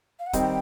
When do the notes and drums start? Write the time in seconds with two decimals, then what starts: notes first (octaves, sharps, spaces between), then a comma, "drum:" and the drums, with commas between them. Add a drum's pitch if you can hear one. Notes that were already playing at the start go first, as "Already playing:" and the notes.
0.19 F5
0.26 F#5
0.33 D#3 G3 C4 D#4 G5, drum: kick, hi-hat